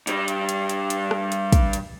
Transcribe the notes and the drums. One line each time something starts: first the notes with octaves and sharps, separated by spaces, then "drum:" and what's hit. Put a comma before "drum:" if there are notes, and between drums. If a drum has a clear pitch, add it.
G2 G3, drum: hi-hat
drum: hi-hat
drum: hi-hat
drum: hi-hat
drum: hi-hat
drum: rim click
drum: hi-hat
drum: kick, hi-hat
drum: hi-hat